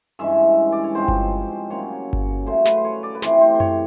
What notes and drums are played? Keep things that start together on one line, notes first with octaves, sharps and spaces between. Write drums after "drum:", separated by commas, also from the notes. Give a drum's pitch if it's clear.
G2 E3 G#3 C#4 E5
D5
C#5
G#2 F3 G#3 C4 C5
drum: kick G1
C#3 F#3 A#3 C#4 C#5
drum: kick G1
C#3 F#3 A3 C5
B4, drum: snare
C5
C#5
D5
B4
C3 E3 A3 C5, drum: snare
C5
C5
C#5, drum: tom F#2